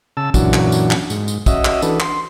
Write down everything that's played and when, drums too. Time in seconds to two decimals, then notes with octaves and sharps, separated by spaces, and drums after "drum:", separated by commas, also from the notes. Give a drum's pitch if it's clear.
0.17 C#3 A5 E6
0.34 F#2 A#2 E3 C#4 D4 F#4, drum: kick, tambourine
0.54 drum: clap
0.72 drum: tambourine
0.91 drum: clap
1.10 G#2, drum: tambourine
1.28 drum: tambourine
1.46 C#4 F#4 D#5 E5, drum: kick, tambourine
1.65 drum: clap
1.82 E3 D4 F#4 A4 B4, drum: tambourine
2.00 C6, drum: clap